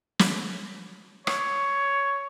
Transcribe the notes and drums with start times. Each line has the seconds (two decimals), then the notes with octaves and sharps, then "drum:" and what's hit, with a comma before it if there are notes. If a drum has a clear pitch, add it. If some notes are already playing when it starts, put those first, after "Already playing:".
0.19 drum: snare
1.27 C#5, drum: rim click